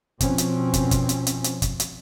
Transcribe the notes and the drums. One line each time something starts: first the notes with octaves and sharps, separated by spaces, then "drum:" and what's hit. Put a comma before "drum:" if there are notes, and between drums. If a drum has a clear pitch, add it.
B2 F3 C4 C#4, drum: kick, hi-hat
drum: hi-hat
drum: kick, hi-hat
drum: kick, hi-hat
drum: hi-hat
drum: hi-hat
drum: hi-hat
drum: kick, hi-hat
drum: hi-hat